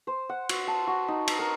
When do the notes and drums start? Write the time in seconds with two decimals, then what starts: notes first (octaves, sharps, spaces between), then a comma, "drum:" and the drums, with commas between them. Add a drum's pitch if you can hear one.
0.07 C5
0.29 F#5
0.49 F#4, drum: cymbal
0.67 A5
0.87 F#4
1.08 D#4
1.28 A#5, drum: cymbal
1.39 A#4